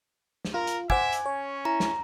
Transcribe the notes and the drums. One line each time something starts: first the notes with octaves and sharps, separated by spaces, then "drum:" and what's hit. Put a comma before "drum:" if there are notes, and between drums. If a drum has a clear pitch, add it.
drum: snare
F4 A#4
drum: hi-hat
C5 E5 F#5 G#5 D6 G#6, drum: kick
drum: hi-hat
C#4 C#5
E4 A#5
drum: snare